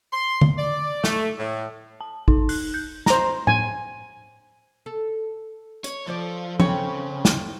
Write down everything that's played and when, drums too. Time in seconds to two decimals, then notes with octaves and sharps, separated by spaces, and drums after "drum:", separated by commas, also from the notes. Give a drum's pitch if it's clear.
0.13 C6
0.41 drum: tom D3
0.58 D5
1.04 A3, drum: snare
1.39 A2
2.01 A5
2.28 D#4, drum: kick A1
2.49 F#6, drum: open hi-hat
2.74 G6
3.06 C5 A#5, drum: snare
3.47 G#5, drum: tom A2
4.86 A4
5.84 C#5, drum: hi-hat
6.07 F3 A4 C5 D5
6.60 C#3 C4 C#5, drum: tom
7.25 drum: snare